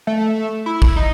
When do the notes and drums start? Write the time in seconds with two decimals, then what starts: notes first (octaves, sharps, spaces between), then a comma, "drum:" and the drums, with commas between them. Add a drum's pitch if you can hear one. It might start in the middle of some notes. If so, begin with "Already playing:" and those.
0.07 A3
0.66 E4
0.82 drum: kick
0.96 D#4